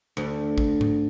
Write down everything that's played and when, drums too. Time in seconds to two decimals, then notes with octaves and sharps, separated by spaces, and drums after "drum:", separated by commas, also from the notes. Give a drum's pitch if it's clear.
0.17 D2
0.58 drum: kick
0.81 drum: tom G#2